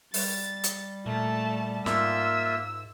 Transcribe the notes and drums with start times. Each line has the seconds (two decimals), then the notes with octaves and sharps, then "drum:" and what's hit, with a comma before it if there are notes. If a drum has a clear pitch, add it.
0.14 G3 A6, drum: open hi-hat
0.64 drum: hi-hat
1.06 A#2 A3 A5
1.86 G#2 A#3 F4 E5 E6, drum: snare